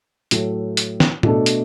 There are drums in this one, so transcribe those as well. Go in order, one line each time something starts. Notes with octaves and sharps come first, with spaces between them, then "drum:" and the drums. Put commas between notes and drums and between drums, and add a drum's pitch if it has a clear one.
A2 F#3 A3, drum: hi-hat
drum: hi-hat
drum: snare
B2 A3 D4 A4, drum: tom A2
drum: hi-hat